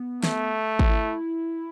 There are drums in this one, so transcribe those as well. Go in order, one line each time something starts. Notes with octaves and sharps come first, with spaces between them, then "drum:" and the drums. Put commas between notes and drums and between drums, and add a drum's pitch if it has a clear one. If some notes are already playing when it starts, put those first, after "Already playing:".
Already playing: B3
A3, drum: snare
drum: kick G#1
E4